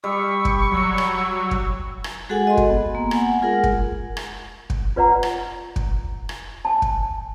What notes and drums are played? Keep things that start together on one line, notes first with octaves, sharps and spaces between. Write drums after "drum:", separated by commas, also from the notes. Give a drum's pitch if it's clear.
G3 C#6 E6
drum: kick
F#3 E6
drum: rim click
drum: kick
drum: rim click
G#3 F#4 G#4 A4 F#5 G#5
D#5 C6
drum: kick
B3
A#3
F#5 G#5, drum: rim click
G#3 F4 G#4 A#4 F#5
drum: kick
drum: rim click
drum: kick
F4 B4 D5 F#5 A#5
drum: rim click
drum: kick
drum: rim click
G#5 A5
drum: kick